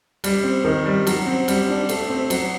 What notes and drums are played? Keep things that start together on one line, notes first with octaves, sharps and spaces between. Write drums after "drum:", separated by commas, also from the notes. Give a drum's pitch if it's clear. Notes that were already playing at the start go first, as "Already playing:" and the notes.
G3, drum: cymbal
C4
D#3
G3
F#3, drum: cymbal
C4
G3, drum: cymbal
D4
A3, drum: cymbal
C4
F#3, drum: cymbal